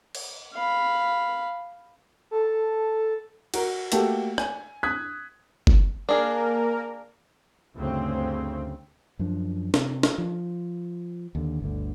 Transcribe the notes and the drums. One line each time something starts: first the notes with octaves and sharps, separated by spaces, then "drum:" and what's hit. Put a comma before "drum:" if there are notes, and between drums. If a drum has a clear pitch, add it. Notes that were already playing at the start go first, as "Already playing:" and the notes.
drum: cymbal
F5 B5
A4
F#4 A#4, drum: cymbal
A3 A#3 F#4 G4 A4, drum: hi-hat
G#5, drum: rim click
D#6 F#6 G#6 B6
drum: kick F#1
A#3 D4 G#4 A#4
D2 G2 C#3 C4
F#2 F3 D4
C3, drum: snare
drum: snare
F3
D#2 D3
G1 D2 D3